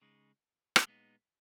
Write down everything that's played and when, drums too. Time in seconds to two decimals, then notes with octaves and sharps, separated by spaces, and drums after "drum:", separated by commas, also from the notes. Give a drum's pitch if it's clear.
0.02 C#3 G#3 D#4
0.76 drum: rim click
0.85 A#2 G#3 B3 D#4